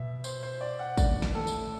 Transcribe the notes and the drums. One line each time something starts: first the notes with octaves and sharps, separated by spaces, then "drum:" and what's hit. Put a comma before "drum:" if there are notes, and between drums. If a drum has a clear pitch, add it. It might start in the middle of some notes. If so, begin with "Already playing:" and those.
Already playing: B2 E5
C5, drum: tambourine
C5
D5
F#5
A2 D5, drum: kick, tambourine
drum: snare
A4
drum: tambourine